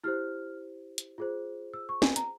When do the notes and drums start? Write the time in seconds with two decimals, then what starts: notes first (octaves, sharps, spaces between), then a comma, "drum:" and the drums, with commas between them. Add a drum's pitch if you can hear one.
0.04 E4 G4 C5 F6
0.98 drum: hi-hat
1.18 F4 G#4 C5
1.74 E6
1.89 C#6
2.02 G#5, drum: snare
2.16 A#5, drum: hi-hat